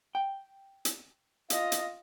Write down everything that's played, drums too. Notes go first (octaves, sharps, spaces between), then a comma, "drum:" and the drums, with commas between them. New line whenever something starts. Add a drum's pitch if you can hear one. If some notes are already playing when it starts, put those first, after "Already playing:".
G5
drum: hi-hat
F4 D#5, drum: hi-hat
drum: hi-hat